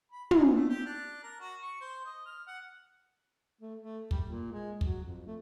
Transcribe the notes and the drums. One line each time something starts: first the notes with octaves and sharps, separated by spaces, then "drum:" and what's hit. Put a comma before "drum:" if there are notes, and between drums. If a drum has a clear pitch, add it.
B5
G#4, drum: tom
A3
G4
D4
A#4
F#4
C#6
C5
D#5
F6
F#5
A3
A3
G3, drum: kick
A#2
G#3
F#3, drum: kick
F2
A3